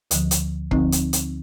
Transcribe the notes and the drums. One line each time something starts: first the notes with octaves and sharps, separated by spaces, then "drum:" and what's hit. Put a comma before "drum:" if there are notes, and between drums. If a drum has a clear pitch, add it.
D2 D3 F3, drum: hi-hat
drum: hi-hat
D2 D3 F3 C4 D#4, drum: kick
drum: hi-hat
drum: hi-hat